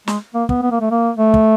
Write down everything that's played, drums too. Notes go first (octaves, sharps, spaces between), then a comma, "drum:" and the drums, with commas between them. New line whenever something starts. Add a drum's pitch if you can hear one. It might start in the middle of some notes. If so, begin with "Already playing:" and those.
G#3, drum: snare
A#3
B3, drum: kick
B3
A#3
A3
A#3
A3
drum: kick